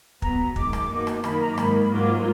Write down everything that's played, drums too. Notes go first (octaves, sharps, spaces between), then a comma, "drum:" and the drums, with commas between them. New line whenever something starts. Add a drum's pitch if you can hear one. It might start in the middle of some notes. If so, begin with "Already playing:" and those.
B2 F#3 B3 A#5, drum: kick
F#2 D#3 G#3 D6, drum: kick
drum: rim click
B2 A#3 D#4 F#4
drum: rim click
F#2 D#3 F#3 A#3 B5, drum: rim click
A#5
D6
G#2 D#3 A#3 B5, drum: rim click
B5
G#2 F#3 A#3 F4 D6